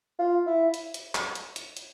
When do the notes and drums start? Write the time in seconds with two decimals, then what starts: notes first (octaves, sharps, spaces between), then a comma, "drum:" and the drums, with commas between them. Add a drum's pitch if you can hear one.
0.19 F4
0.46 E4
0.74 drum: hi-hat
0.94 drum: hi-hat
1.15 drum: clap
1.35 drum: hi-hat
1.56 drum: hi-hat
1.77 drum: hi-hat